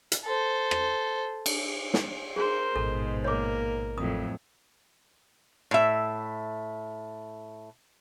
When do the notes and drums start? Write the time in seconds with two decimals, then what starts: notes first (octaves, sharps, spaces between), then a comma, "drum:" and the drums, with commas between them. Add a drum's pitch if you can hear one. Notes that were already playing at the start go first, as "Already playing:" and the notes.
0.12 drum: hi-hat
0.25 A4 C5
0.71 drum: rim click
1.46 drum: cymbal
1.94 drum: snare
2.36 G#4 A#4 C5
2.76 A1 G#2 B2 A4
3.24 A#3 A#4 C#5 D6
3.98 F2 A2 F#3 D#6
5.71 A2 E5